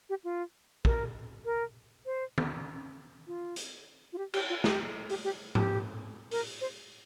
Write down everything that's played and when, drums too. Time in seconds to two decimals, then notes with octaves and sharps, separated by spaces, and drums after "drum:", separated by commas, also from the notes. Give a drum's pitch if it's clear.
0.09 G4
0.24 F4
0.85 A#4, drum: kick
1.45 A#4
2.06 C5
2.38 drum: tom
3.27 F4
3.56 drum: hi-hat
4.13 F4
4.18 G4
4.34 G4, drum: cymbal
4.49 F4
4.64 G4, drum: snare
5.10 G4, drum: open hi-hat
5.24 G4
5.55 G4, drum: tom G#2
6.31 A#4, drum: open hi-hat
6.61 C5